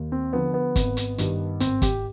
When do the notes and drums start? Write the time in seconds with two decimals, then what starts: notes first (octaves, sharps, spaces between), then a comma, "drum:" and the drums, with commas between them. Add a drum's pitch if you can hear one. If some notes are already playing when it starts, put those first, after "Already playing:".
Already playing: D#2
0.12 C4
0.33 D3 F3 B3
0.54 B3
0.76 G#1, drum: kick, hi-hat
0.97 drum: hi-hat
1.18 G2 D#3, drum: hi-hat
1.60 G#1 C4, drum: hi-hat
1.82 G4, drum: kick, hi-hat